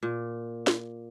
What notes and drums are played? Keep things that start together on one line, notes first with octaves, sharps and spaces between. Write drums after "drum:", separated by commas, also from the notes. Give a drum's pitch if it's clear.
A#2
drum: snare